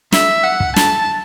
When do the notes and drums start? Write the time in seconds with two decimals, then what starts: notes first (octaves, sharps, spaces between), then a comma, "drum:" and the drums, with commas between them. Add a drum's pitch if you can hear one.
0.12 E5, drum: snare
0.44 F#5
0.60 drum: kick
0.76 A5, drum: snare